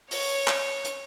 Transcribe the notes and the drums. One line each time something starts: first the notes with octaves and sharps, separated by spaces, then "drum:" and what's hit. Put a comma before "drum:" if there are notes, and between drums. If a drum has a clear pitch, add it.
C#5, drum: open hi-hat
drum: clap
drum: hi-hat